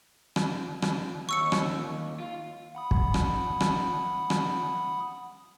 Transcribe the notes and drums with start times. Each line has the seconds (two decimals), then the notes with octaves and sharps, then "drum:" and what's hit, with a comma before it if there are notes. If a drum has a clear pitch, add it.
0.36 drum: rim click
0.82 drum: rim click
1.29 D#2 C#6 E6 C#7
1.52 drum: rim click
2.20 F4
2.75 F#5 B5 D#6
2.91 drum: kick
3.14 drum: rim click
3.60 drum: rim click
4.30 drum: rim click